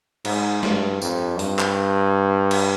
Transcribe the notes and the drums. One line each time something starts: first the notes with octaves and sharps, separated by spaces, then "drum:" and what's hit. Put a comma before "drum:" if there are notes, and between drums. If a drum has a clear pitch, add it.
G#2, drum: cymbal
G2, drum: snare
F2, drum: tambourine
G2, drum: open hi-hat
drum: clap
drum: cymbal